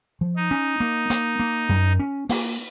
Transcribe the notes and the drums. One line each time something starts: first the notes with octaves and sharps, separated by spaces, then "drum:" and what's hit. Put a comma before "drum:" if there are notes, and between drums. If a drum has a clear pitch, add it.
F3
D#4
C#4
A#3
A#3, drum: hi-hat
A#3
F#2
C#4
A#3, drum: open hi-hat